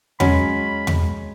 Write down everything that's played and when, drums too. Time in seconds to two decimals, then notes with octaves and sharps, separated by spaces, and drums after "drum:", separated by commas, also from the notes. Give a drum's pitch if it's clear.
0.20 F#3 G#3 C#4 B5, drum: tom E2
0.87 drum: tom E2